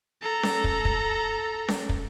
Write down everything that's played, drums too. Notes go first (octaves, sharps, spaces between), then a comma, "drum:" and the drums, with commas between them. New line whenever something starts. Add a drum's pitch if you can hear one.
A4 A#5
drum: snare C#4
drum: kick
drum: kick
drum: snare C#4
drum: kick